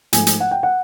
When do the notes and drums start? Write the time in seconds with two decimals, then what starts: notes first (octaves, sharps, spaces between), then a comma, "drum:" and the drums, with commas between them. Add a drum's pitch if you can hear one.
0.13 G#2 F3 A3 G#5, drum: hi-hat
0.27 drum: hi-hat
0.40 F#5
0.51 G5
0.63 F#5